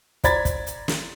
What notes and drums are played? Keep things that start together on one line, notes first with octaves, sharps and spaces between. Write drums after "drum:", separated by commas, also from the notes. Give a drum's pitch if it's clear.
C5 D5 A#5 B5 G#6 A6, drum: kick, hi-hat
drum: kick, hi-hat
drum: hi-hat
drum: snare